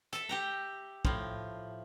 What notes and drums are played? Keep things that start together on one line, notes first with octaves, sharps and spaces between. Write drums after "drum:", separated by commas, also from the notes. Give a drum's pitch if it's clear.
A4 E5, drum: hi-hat
G4 G5 A#5
A2 F3, drum: kick